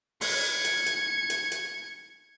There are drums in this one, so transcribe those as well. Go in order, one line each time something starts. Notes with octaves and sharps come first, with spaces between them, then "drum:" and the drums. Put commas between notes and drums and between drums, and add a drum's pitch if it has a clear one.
G#6 C#7, drum: open hi-hat
drum: hi-hat
drum: hi-hat
drum: hi-hat
drum: hi-hat